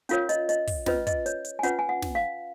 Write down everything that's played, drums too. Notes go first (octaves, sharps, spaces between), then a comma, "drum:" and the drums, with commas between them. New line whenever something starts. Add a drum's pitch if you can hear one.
C#4 F4 A#4 C#5 F5, drum: hi-hat
D#5, drum: hi-hat
D#5, drum: hi-hat
drum: kick, open hi-hat
C#4 F4 B4 D#5, drum: snare
D#5, drum: kick, hi-hat
C#5, drum: hi-hat
drum: hi-hat
G#5
C#4 F4 B4 F#5, drum: hi-hat
G#5
F#5
drum: snare
F5